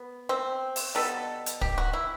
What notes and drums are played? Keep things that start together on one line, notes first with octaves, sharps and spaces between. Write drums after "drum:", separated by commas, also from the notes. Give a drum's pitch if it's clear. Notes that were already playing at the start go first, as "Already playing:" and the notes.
Already playing: B3
C4
drum: open hi-hat
B2 G3 B3 A4
drum: hi-hat
G4, drum: kick
F#4
E4